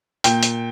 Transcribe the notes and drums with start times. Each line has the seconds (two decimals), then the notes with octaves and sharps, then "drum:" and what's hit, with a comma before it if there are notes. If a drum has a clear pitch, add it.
0.24 A#2 G5, drum: hi-hat
0.43 drum: hi-hat